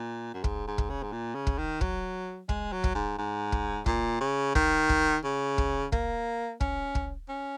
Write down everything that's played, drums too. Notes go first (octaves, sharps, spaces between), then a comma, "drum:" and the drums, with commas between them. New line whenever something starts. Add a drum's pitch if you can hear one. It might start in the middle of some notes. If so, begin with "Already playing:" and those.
Already playing: A#2
F#2
G#2, drum: kick
G#2
drum: kick
C#3
G#2
A#2
C#3
drum: kick
D#3
F#3, drum: kick
G#3, drum: kick
F#3
drum: kick
G#2
G#2
drum: kick
A#2, drum: kick
C#3
D#3, drum: kick
drum: kick
C#3
drum: kick
A#3, drum: kick
C#4, drum: kick
drum: kick
C#4